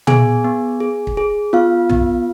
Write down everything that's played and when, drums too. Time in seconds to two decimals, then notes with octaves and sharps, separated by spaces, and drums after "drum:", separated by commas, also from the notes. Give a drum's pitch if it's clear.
0.07 B3 G#4 G#5, drum: tom
0.44 B3
0.80 G#4
1.07 drum: kick
1.17 G#4
1.53 B3 F4 F5
1.90 B3, drum: tom